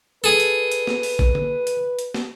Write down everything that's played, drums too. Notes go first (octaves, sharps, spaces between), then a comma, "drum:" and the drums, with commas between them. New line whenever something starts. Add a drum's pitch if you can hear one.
G#4 A4 B4
drum: hi-hat
drum: hi-hat
drum: snare
drum: open hi-hat
drum: kick A1
drum: tom
drum: hi-hat
drum: hi-hat
drum: snare